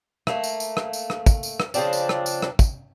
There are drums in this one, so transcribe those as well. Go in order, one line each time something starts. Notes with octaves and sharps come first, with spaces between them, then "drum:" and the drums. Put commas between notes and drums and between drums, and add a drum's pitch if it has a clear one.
A3 A#3, drum: rim click
drum: tambourine
drum: tambourine
drum: rim click
drum: tambourine
drum: rim click
drum: kick, tambourine
drum: tambourine
drum: rim click
C#3 F3 C4 D4, drum: tambourine
drum: tambourine
drum: rim click
drum: tambourine
drum: rim click
drum: kick, tambourine